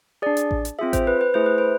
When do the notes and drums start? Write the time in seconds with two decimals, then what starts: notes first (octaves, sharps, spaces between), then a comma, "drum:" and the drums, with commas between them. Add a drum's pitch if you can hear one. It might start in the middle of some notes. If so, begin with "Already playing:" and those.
0.22 D4 G#4 D5
0.37 drum: hi-hat
0.51 drum: kick A1
0.65 drum: hi-hat
0.79 C4 F4 G#4 E5
0.93 C5, drum: kick A1, hi-hat
1.07 B4
1.21 B4
1.34 A3 E4 G#4 C5
1.46 B4
1.58 C5